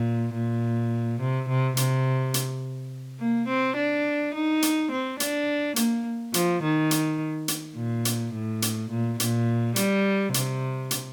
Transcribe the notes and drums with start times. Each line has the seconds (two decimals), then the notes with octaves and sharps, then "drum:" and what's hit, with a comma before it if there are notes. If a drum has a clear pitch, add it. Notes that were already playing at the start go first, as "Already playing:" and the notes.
Already playing: A#2
0.34 A#2
1.20 C3
1.49 C3
1.77 C3, drum: hi-hat
2.34 drum: hi-hat
3.20 A#3
3.48 C4
3.76 D4
4.34 D#4
4.62 drum: hi-hat
4.91 C4
5.20 D4, drum: hi-hat
5.76 A#3, drum: hi-hat
6.34 F3, drum: hi-hat
6.63 D#3
6.91 drum: hi-hat
7.48 drum: hi-hat
7.76 A#2
8.05 drum: hi-hat
8.34 A2
8.62 drum: hi-hat
8.91 A#2
9.20 A#2, drum: hi-hat
9.76 G3, drum: hi-hat
10.34 C3, drum: hi-hat
10.91 drum: hi-hat